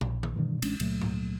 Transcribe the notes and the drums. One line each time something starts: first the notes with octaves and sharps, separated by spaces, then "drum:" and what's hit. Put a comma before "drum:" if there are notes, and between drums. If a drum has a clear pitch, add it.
A#1, drum: tom
drum: tom D#3
G2 B2 D#3 E3
A1 G#3 C#4 D4, drum: cymbal
C#2 A#2 F#3 A3, drum: cymbal
drum: tom G#2